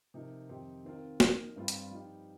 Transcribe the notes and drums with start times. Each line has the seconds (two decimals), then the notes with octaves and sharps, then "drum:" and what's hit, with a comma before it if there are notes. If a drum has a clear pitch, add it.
0.14 C3 F3 D#4 A#4
0.49 F2 D#3 C4 D#4 G4
0.85 D#3 C4 F4 A#4
1.20 F3 D#4 A#4, drum: snare
1.56 G2 G3 C4 F4
1.68 drum: hi-hat
1.91 F3 D#4 G4